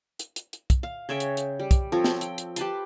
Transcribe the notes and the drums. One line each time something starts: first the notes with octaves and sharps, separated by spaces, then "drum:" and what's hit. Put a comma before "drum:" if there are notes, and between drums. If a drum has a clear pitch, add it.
drum: hi-hat
drum: hi-hat
drum: hi-hat
drum: kick, hi-hat
F5
C#3 C#5 E5 G5
drum: hi-hat
drum: hi-hat
G3
drum: kick, hi-hat
F3 C4 A4 C#5
drum: snare
G5, drum: hi-hat
drum: hi-hat
G4 B4 A5 C6, drum: hi-hat